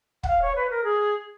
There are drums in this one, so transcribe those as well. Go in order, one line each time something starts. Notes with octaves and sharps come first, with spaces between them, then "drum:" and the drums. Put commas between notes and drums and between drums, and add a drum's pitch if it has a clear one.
F#5, drum: kick
F5
C#5
B4
A#4
G#4